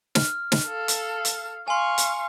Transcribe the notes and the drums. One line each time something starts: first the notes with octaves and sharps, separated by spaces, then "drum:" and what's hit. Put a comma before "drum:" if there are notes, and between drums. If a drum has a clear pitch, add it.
F6, drum: snare
drum: snare
A4 F5
drum: hi-hat
drum: hi-hat
F5 G#5 C6 C#6
drum: hi-hat